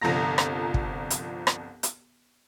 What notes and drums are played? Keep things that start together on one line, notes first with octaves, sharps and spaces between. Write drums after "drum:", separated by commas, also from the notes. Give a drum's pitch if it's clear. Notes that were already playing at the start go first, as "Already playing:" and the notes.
G1 C2 F3 A4 A#5 A#6
drum: rim click
drum: kick
drum: hi-hat
drum: rim click
drum: hi-hat